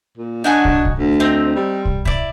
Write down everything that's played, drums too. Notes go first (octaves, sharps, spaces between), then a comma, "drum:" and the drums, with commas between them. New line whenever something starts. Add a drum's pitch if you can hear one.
A#2
D4 D#4 F#4 G#5
drum: kick
drum: kick
D2
C4 D#4
G3
drum: kick
E4 D5, drum: kick